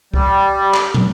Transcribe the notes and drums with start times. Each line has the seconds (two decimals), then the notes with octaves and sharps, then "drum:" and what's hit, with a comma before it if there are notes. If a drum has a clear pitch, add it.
0.14 G3, drum: kick C2
0.74 drum: clap
0.94 drum: tom